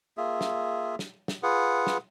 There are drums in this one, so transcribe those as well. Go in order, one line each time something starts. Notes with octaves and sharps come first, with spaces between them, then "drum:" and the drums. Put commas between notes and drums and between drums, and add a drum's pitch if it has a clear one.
A#3 F4 G#4 E5
drum: snare
drum: snare
drum: snare
F4 G#4 B4 F#5
drum: snare